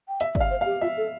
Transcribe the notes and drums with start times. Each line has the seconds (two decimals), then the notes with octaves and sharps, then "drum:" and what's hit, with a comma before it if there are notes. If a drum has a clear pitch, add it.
0.08 G5
0.20 E5 F5, drum: hi-hat
0.35 D5, drum: kick
0.40 F5
0.50 C5
0.61 F5
0.66 G4
0.81 F4 E5
0.97 A4